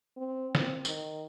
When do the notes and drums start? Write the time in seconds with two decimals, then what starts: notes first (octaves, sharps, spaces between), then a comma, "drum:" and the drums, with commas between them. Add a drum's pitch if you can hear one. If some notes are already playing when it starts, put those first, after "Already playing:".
0.17 C4
0.55 C4, drum: snare
0.85 D#3, drum: tambourine